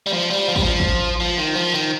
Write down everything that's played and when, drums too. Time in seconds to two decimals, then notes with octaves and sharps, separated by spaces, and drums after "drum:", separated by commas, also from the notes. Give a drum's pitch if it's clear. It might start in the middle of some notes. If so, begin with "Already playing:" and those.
0.07 G3
0.13 F3
0.31 G3
0.49 F3
0.56 G3, drum: kick
0.63 F3
0.80 drum: kick
1.20 F3
1.38 D#3
1.56 F3
1.74 D#3